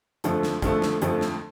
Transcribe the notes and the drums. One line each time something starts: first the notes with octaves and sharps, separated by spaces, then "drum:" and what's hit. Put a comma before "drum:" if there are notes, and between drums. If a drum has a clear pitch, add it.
F2 D3 F3 A3, drum: hi-hat
drum: snare
F2 D3 F3 A3, drum: kick, hi-hat
drum: snare
F2 D3 F3 A3, drum: hi-hat
drum: snare